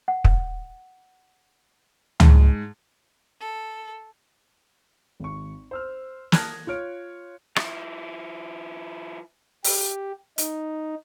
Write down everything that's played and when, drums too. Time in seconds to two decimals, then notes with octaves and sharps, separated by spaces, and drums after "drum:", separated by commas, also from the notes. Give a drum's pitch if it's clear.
0.08 F#5
0.24 drum: kick
2.20 G#2 A5, drum: tom C#2
3.40 A4
5.20 G#1 C#6
5.71 C5 E6 F6
6.32 A5 D#6 F6 F#6 G#6 A#6, drum: snare
6.67 F4 C#5 F6 D7
7.56 F3 E4, drum: rim click
9.64 G4, drum: open hi-hat
10.38 D#4, drum: hi-hat